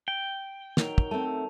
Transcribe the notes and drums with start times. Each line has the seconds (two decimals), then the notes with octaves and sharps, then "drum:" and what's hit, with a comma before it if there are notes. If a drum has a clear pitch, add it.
0.08 G5
0.77 D#3 F#3 F7, drum: snare
0.98 drum: kick
1.11 A3 C4 A5